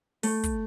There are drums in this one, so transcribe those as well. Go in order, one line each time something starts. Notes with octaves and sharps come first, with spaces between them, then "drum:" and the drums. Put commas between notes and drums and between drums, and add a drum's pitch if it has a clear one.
A3, drum: open hi-hat
drum: kick, hi-hat